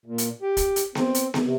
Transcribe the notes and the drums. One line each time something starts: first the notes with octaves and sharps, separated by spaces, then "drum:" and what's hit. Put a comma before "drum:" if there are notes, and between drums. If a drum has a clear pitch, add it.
A#2
drum: hi-hat
G4
drum: kick, hi-hat
drum: hi-hat
C4, drum: snare B3
drum: hi-hat
drum: snare B3
C3